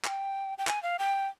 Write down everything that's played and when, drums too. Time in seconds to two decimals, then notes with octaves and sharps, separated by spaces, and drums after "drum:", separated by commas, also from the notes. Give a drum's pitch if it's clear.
0.05 G#5, drum: clap
0.08 G5
0.58 G5
0.67 G#5, drum: clap
0.83 F5
0.99 G5